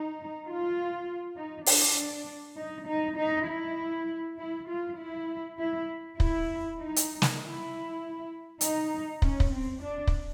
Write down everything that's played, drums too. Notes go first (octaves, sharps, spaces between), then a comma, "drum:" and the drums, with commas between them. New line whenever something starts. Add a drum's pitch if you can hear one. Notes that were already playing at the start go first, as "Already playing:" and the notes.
Already playing: D#4
F4
D#4
D4, drum: open hi-hat
D#4
D#4
D#4
E4
E4
F4
E4
E4
E4, drum: kick
D#4
drum: hi-hat
drum: snare
E4
D#4, drum: hi-hat
C#4, drum: kick
drum: kick
C4
D4
drum: kick